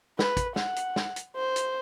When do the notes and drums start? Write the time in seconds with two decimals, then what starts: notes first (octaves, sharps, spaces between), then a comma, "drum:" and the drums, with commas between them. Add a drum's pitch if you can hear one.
0.19 B4, drum: snare
0.37 drum: kick, hi-hat
0.56 F#5, drum: snare
0.76 drum: hi-hat
0.96 drum: snare
1.16 drum: hi-hat
1.36 C5
1.56 drum: hi-hat